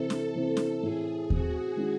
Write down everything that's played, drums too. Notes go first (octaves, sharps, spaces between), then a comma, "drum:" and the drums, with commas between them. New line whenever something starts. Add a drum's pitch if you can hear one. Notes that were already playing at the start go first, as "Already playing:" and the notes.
Already playing: C3 E3 C4 A4
drum: snare
C3 E3 C4 A4
drum: snare
A2 E3 C4 G#4
A2 E3 C4 F#4, drum: kick D#2
D#3 G#3 C#4 E4